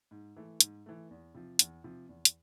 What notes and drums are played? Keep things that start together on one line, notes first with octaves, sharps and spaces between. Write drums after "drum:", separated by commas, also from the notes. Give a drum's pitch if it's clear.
G#2
E3 A3
G#2, drum: hi-hat
E3 A3
E2
C3 F3
E2, drum: hi-hat
C3 F3
E2
drum: hi-hat